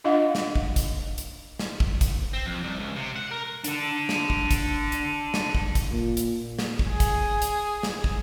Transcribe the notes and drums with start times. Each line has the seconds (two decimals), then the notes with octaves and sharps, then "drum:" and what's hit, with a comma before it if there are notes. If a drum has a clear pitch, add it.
0.04 D4 F4 D#5 F5 F#5
0.35 drum: snare
0.55 drum: kick
0.76 drum: kick, hi-hat
1.18 drum: hi-hat
1.59 drum: snare
1.80 drum: kick
2.01 drum: kick, hi-hat
2.33 C4
2.46 F2
2.63 C2
2.79 C#2
2.96 C3
3.16 F#5
3.31 A#4
3.64 D4 A4, drum: hi-hat
4.09 drum: snare
4.30 drum: kick
4.51 drum: kick, hi-hat
4.92 drum: hi-hat
5.34 drum: snare
5.55 drum: kick
5.75 drum: kick, hi-hat
5.91 A#2
6.17 drum: hi-hat
6.59 drum: snare
6.79 drum: kick
6.91 G#4
7.00 drum: kick, hi-hat
7.42 drum: hi-hat
7.83 drum: snare
8.04 drum: kick